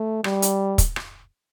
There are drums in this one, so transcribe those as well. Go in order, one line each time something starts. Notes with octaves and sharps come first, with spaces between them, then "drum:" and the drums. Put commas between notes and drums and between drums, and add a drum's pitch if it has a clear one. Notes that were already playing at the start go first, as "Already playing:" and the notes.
Already playing: A3
G3, drum: rim click
drum: hi-hat
drum: kick, hi-hat
drum: rim click